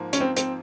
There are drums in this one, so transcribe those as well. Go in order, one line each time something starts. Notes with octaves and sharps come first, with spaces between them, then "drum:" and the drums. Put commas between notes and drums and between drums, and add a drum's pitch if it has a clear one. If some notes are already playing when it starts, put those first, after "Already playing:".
Already playing: G#2 F3 A#3
C#4, drum: hi-hat
C4
C4, drum: hi-hat